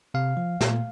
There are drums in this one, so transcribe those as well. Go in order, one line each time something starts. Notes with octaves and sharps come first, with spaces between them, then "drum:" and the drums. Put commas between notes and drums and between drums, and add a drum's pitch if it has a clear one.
C3 F5
F3
A#2, drum: snare